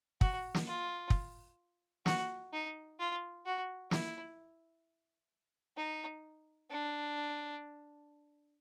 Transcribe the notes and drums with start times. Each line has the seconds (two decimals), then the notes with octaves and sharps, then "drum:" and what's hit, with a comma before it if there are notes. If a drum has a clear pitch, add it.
0.21 F#4, drum: kick
0.54 drum: snare
0.67 F4
1.10 drum: kick
2.06 F#4, drum: snare
2.53 D#4
2.99 F4
3.46 F#4
3.91 E4, drum: snare
5.77 D#4
6.71 D4